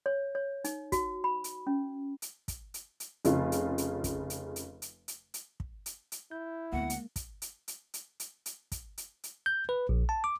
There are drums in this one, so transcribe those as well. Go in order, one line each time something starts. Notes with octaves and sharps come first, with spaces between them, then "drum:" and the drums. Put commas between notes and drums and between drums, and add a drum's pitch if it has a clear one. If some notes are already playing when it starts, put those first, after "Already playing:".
C#5
C#5
D#4, drum: hi-hat
F#4, drum: kick, hi-hat
B5
drum: hi-hat
C#4
drum: hi-hat
drum: kick, hi-hat
drum: hi-hat
drum: hi-hat
F1 C#3 F4, drum: hi-hat
drum: hi-hat
drum: hi-hat
drum: kick, hi-hat
drum: hi-hat
drum: hi-hat
drum: hi-hat
drum: hi-hat
drum: hi-hat
drum: kick
drum: hi-hat
drum: hi-hat
E4 G6
D2 G#3 A#3 B3 F#5
drum: hi-hat
drum: kick, hi-hat
drum: hi-hat
drum: hi-hat
drum: hi-hat
drum: hi-hat
drum: hi-hat
drum: kick, hi-hat
drum: hi-hat
drum: hi-hat
G6
B4
A#1
A5
D6